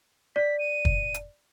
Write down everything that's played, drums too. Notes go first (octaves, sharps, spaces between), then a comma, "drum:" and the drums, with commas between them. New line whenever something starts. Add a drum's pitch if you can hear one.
D5 B6
D#7
drum: kick
drum: hi-hat